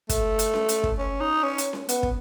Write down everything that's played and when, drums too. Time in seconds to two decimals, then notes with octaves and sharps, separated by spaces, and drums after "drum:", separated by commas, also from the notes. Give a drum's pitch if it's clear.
0.09 A3, drum: kick, hi-hat
0.39 drum: hi-hat
0.54 drum: snare C#4
0.69 drum: hi-hat
0.83 drum: kick
0.99 C#4
1.20 D#4
1.43 C#4
1.58 drum: hi-hat
1.73 drum: snare C#4
1.89 B3, drum: hi-hat
2.03 drum: kick